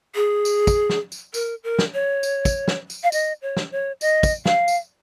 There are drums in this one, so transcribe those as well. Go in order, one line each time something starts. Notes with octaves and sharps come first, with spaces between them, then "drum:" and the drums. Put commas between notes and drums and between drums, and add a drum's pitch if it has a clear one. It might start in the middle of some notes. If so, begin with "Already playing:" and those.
G#4
drum: tambourine
drum: kick, tambourine
drum: snare
drum: tambourine
A#4, drum: tambourine
A#4
drum: snare
C#5
drum: tambourine
drum: kick, tambourine
drum: snare
drum: tambourine
F5
D#5, drum: tambourine
C#5
drum: snare
C#5
D#5, drum: tambourine
drum: kick, tambourine
F5, drum: snare
drum: tambourine